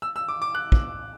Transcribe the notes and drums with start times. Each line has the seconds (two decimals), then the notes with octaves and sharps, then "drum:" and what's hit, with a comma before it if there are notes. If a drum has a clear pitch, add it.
0.02 E6
0.16 E6
0.28 D6
0.42 D6
0.55 F#6
0.72 drum: kick